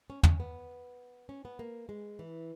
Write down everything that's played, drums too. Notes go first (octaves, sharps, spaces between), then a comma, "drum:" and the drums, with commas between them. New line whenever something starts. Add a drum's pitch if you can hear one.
C#4
C#4, drum: tom
B3
C#4
B3
A#3
G#3
E3